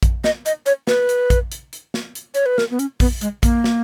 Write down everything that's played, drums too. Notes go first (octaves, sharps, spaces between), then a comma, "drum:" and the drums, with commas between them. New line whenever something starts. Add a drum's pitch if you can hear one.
drum: kick A#1, hi-hat
D#5, drum: snare
D#5, drum: hi-hat
C#5, drum: hi-hat
B4, drum: snare
drum: hi-hat
drum: kick A#1, hi-hat
drum: hi-hat
drum: hi-hat
drum: snare
drum: hi-hat
C#5, drum: hi-hat
B4
A#4, drum: snare
B3
C#4, drum: hi-hat
B3, drum: kick A#1, open hi-hat
G#3, drum: hi-hat
A#3, drum: kick A#1, hi-hat
drum: snare